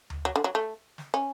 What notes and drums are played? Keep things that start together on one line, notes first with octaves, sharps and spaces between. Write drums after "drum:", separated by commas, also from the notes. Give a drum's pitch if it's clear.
drum: tom D2
F#3
D3
F#3
A3
drum: snare
C#4